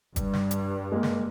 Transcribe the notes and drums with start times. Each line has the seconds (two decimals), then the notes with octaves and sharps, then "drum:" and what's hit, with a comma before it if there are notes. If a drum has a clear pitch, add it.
0.16 G2, drum: kick, hi-hat
0.33 drum: snare
0.51 drum: hi-hat
0.92 G#3 A#3
1.03 drum: snare